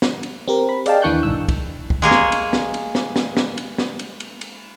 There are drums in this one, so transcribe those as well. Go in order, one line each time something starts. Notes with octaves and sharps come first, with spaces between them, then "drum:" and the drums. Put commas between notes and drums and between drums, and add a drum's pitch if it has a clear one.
drum: snare
drum: cymbal
C4 G4 A#4
B5
G#4 D5 D#5 F5 G5 A5, drum: cymbal
D#2 E3 D4 C#6 F#6 G6
B1 G#2 E6
drum: kick, cymbal
drum: kick
G#3 A#3 G#4 C#5
drum: snare
drum: cymbal
drum: snare
drum: cymbal
drum: snare
drum: snare
drum: snare
drum: cymbal
drum: snare
drum: cymbal
drum: cymbal
drum: cymbal